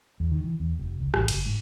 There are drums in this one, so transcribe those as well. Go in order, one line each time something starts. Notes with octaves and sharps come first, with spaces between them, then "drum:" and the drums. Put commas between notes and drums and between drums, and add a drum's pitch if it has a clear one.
E2
D#3
E3
E2
F1
C#2
A1, drum: rim click
F#1, drum: cymbal
G#2